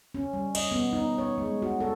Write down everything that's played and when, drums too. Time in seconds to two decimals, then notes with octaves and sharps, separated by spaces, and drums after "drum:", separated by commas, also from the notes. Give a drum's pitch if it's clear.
0.14 C#4
0.33 G3
0.55 D#5, drum: cymbal
0.71 B3
0.93 D#4
1.18 C#5
1.38 G#3
1.62 F#4
1.80 A4